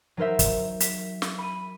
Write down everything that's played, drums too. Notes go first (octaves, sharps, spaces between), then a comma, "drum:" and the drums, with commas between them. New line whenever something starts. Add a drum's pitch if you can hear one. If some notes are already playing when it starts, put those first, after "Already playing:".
F#3 D#4 A#4 C5 E5
drum: kick, hi-hat
B6, drum: hi-hat
drum: snare
B5 D#7